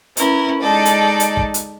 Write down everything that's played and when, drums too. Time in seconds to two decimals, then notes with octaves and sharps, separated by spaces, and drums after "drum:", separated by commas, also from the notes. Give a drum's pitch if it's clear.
0.17 C#4 E4 A#4 B4, drum: hi-hat
0.61 G#3 D#4 A4 D5
0.85 drum: hi-hat
1.20 drum: hi-hat
1.37 drum: kick
1.54 drum: hi-hat